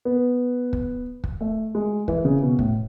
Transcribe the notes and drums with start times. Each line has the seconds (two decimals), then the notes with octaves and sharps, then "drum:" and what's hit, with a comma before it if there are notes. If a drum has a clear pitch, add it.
0.05 B3
0.73 drum: kick
1.24 drum: kick
1.41 A3
1.75 G#3
2.08 E3, drum: kick
2.25 C#3
2.42 B2
2.59 A2, drum: kick